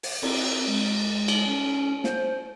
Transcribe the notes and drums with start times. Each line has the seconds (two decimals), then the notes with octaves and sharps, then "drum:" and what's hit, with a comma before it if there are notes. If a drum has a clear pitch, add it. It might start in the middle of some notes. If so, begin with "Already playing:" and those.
0.03 drum: open hi-hat
0.22 C4, drum: cymbal
0.67 G#3
1.28 drum: cymbal
1.47 C#4
2.04 C5, drum: snare